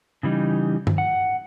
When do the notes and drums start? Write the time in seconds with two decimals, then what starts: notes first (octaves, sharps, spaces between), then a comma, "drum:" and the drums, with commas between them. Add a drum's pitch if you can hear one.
0.23 C#3 E3 G3 D#4
0.87 drum: tom
0.98 F#5